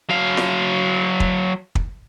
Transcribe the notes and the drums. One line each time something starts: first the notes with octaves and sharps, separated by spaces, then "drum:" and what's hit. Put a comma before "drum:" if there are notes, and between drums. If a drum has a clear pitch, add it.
F#3 F5
drum: snare
drum: kick
drum: kick